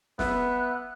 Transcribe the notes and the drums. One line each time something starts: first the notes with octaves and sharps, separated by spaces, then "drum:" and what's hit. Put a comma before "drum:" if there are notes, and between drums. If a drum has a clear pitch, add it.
B3 E5 F#6, drum: snare